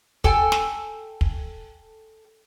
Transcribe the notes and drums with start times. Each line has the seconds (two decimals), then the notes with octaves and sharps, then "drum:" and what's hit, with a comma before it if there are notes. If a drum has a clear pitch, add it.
0.24 A4 G5 G#5, drum: kick
0.52 drum: snare
1.21 drum: kick